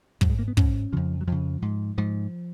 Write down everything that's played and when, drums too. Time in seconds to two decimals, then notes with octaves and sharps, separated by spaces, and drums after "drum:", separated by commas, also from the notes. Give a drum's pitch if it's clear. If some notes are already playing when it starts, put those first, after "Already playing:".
0.21 G#2 F#3, drum: kick
0.30 G#3
0.39 A#3
0.48 B3
0.57 G#2 C#4, drum: kick
0.93 F2 C#3 F3
1.21 F#3
1.27 F2 C#3 F3
1.62 G#2
1.98 G#2 F3